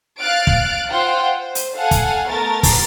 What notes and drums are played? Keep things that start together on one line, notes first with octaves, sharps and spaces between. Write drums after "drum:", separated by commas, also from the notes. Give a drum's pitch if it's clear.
F5 F6 F#6 A6 D7
drum: kick
F4 C5 F#5 G5
C5
drum: hi-hat
A4 F5 F#5 G#5
drum: kick, hi-hat
A3 B3 A#4 A6
drum: kick, open hi-hat